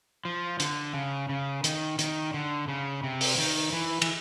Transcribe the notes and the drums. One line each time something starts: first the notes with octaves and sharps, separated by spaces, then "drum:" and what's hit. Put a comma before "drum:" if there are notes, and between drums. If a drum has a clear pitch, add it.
F3
D3, drum: hi-hat
C#3
C#3
D#3, drum: hi-hat
D#3, drum: hi-hat
D3
C#3
C3
drum: open hi-hat
D#3
E3
E3, drum: cymbal